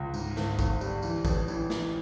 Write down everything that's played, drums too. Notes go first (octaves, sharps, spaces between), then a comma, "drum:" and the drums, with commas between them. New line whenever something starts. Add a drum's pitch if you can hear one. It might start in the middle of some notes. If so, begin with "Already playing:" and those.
Already playing: C#2
G#2, drum: tambourine
G#1, drum: snare
G#1, drum: kick, tambourine
G3, drum: tambourine
E3, drum: tambourine
A1, drum: kick, tambourine
E3, drum: tambourine
E3, drum: snare